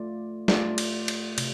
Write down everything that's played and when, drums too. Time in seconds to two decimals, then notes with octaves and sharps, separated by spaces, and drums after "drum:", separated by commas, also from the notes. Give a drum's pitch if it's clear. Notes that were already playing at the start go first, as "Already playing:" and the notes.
Already playing: A3 F4 D5
0.48 A3 F4 D5, drum: snare
0.78 drum: cymbal
1.08 drum: cymbal
1.38 C3, drum: cymbal